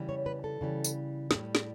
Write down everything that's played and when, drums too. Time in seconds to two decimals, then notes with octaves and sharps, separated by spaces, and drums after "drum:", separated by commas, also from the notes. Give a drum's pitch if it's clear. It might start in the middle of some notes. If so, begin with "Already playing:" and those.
Already playing: C#3 E3 G3
0.09 C#5
0.26 B4
0.44 A4
0.61 C#3 E3 G3
0.84 drum: tambourine
1.31 A2 G3, drum: snare
1.55 drum: snare